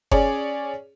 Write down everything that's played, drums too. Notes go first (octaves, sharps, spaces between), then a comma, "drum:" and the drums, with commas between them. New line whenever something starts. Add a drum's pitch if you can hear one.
C#4 G#4 C#5 D5, drum: kick F#1